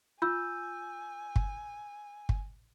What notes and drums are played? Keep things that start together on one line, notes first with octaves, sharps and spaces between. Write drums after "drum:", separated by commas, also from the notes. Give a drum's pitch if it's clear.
F4 G#5 E6 G6
drum: kick G1
drum: kick G1